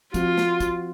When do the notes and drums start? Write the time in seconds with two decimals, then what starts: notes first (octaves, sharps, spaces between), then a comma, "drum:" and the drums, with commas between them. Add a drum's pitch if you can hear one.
0.14 F3 C4 F4 F#4, drum: kick, hi-hat
0.38 drum: snare
0.60 drum: kick, hi-hat